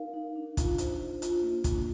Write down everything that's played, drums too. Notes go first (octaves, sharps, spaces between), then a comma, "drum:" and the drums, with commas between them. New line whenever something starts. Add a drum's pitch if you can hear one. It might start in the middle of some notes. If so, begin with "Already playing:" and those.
Already playing: D#4 A#4 F5
D#4
D4
F4, drum: kick, hi-hat
C5, drum: hi-hat
D4
F4, drum: hi-hat
A#3
D4, drum: kick, hi-hat